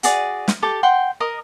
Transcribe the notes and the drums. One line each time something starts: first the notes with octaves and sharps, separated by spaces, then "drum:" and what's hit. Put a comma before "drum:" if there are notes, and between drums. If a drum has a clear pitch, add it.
F#4 G#4 D5, drum: hi-hat
drum: snare
G4 A4 D6
F#5 G5 C6
A#4 D#5 D#6